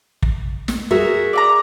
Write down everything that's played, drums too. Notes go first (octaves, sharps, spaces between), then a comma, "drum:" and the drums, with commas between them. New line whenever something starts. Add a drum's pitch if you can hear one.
drum: kick
drum: snare
F#4 G#4 A#4 E5
D5 F#5 A#5